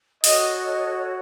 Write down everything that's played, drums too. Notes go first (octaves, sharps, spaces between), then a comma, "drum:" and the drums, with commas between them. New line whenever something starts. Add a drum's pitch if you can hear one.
F#4 A4 C#5 D#5, drum: open hi-hat
D#5